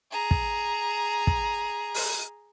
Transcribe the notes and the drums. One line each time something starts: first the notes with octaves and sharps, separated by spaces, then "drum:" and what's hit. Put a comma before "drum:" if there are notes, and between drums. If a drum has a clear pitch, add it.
G#4 A#5
drum: kick
drum: kick
drum: open hi-hat